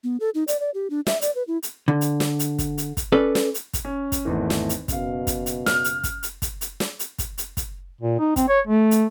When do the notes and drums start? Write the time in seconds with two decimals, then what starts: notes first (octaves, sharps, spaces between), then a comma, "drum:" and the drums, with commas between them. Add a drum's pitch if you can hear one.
0.04 B3
0.20 A4
0.35 D#4
0.48 D5, drum: hi-hat
0.60 D5
0.74 G4
0.90 D4
1.07 E5, drum: snare
1.21 D5, drum: hi-hat
1.35 B4
1.48 E4
1.63 drum: hi-hat
1.88 D3
2.01 drum: hi-hat
2.20 drum: snare
2.39 drum: hi-hat
2.58 drum: kick, hi-hat
2.78 drum: hi-hat
2.97 drum: kick, hi-hat
3.12 C#4 A4 B4 D5
3.35 drum: snare
3.54 drum: hi-hat
3.73 drum: kick, hi-hat
3.85 C#4
4.12 drum: kick, hi-hat
4.25 G#1 E2 E3 A3
4.50 drum: snare
4.69 drum: hi-hat
4.88 F#1 B2 F5, drum: kick, hi-hat
5.27 drum: kick, hi-hat
5.46 drum: hi-hat
5.66 F6, drum: snare
5.84 drum: hi-hat
6.04 drum: kick, hi-hat
6.23 drum: hi-hat
6.42 drum: kick, hi-hat
6.61 drum: hi-hat
6.80 drum: snare
6.99 drum: hi-hat
7.19 drum: kick, hi-hat
7.38 drum: hi-hat
7.57 drum: kick, hi-hat
8.01 A#2
8.19 D#4
8.36 C4, drum: kick, hi-hat
8.49 C#5
8.67 A3
8.91 drum: hi-hat